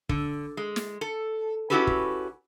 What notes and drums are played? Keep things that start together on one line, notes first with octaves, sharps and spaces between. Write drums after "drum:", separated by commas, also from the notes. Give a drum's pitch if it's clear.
D3, drum: kick
G#3
drum: snare
A4
C#4 E4 F#4 G4 A4 B4
drum: kick